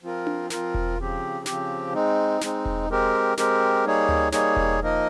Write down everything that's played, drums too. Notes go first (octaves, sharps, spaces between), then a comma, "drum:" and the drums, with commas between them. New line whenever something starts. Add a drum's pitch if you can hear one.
F3 C4 F4 A#4
drum: tom D4
F3 C4 F4 A#4, drum: snare
drum: kick E1
C#3 F3 C4 G4
C#3 F3 C4 G4, drum: snare
G#3 C4 D#4
G#3 C4 D#4, drum: snare
drum: kick E1
G#3 C4 G4 A#4
G#3 C4 G4 A#4, drum: snare
G3 A#3 D#4 G#4 C#5
drum: tom D2
G3 A#3 D#4 G#4 C#5, drum: snare
drum: kick E1
F3 A#3 D#4 A#4 D#5